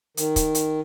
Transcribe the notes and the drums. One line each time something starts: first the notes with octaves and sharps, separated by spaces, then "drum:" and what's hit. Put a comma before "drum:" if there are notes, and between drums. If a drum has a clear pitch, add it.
D#3, drum: hi-hat
drum: kick, hi-hat
drum: hi-hat